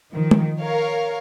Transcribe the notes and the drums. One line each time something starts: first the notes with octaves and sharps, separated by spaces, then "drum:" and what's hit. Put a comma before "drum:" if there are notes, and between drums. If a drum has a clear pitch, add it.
D#3 F3
drum: tom
A#4 C#5 F5